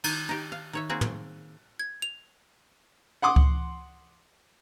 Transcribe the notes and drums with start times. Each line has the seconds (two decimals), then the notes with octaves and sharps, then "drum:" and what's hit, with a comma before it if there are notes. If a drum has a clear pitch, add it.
0.04 D#3, drum: cymbal
0.29 D#4 G4
0.52 F5
0.73 D#3 C#5 E5
0.89 A#3 C4 F#4 G#4
1.01 drum: tom
1.79 G#6
2.02 F7
3.22 F#5 C6 D6 D#6
3.36 drum: kick C#2